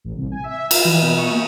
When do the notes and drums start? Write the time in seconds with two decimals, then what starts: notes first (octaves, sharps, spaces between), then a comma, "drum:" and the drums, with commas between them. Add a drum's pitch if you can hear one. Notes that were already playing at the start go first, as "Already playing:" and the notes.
0.04 A1
0.17 C2
0.32 G#5
0.44 E5
0.58 E5
0.71 F5, drum: cymbal
0.85 E3
1.02 B2
1.18 C#6
1.31 A#3